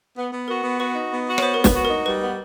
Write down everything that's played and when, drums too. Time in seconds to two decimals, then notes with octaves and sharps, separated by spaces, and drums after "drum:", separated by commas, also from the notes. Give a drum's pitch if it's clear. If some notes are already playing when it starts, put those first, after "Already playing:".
0.17 B3
0.32 B3
0.48 F#4 A#4
0.64 B3
0.80 F#4 B4
0.95 D#4
1.11 B3
1.27 F#4
1.38 C#5, drum: rim click
1.42 B3 C5
1.54 B3 A#4
1.64 B4, drum: snare
1.74 F#4
1.85 A#4
1.90 D#4
2.06 G3 B4
2.22 B3